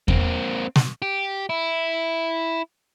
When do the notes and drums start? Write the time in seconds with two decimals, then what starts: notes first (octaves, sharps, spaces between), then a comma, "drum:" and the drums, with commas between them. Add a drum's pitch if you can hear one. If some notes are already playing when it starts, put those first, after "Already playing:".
0.08 A#3 C4, drum: kick E2
0.76 drum: snare
1.02 G4
1.49 E4